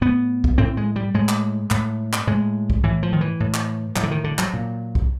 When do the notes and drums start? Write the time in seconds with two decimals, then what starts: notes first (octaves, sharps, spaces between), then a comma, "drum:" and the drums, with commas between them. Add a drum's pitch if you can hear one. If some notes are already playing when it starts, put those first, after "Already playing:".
0.01 A2 B3
0.44 drum: kick B1
0.58 A2 C4
0.77 G#3
0.96 G3
1.14 A2 G#3
1.29 drum: clap
1.71 A2, drum: clap
2.13 drum: clap
2.27 A2 G#3
2.70 drum: kick B1
2.83 A2 E3
3.03 F3
3.13 D#3
3.21 E3
3.40 A2
3.54 drum: clap
3.96 A2 F#3, drum: clap
4.03 D3
4.11 D#3
4.24 D3
4.39 F#3, drum: clap
4.54 A#2
4.95 drum: kick B1